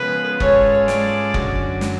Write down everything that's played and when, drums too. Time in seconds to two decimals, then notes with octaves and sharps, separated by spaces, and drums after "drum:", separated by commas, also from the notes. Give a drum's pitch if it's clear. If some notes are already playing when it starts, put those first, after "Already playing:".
Already playing: C#3 F3 G#3 B3 B4
0.40 G#2 G#3 C#4 F4 A4 C#5, drum: kick F#1
0.88 D5, drum: snare
1.34 F#2 D3 F#3 C#4, drum: kick F#1
1.81 drum: snare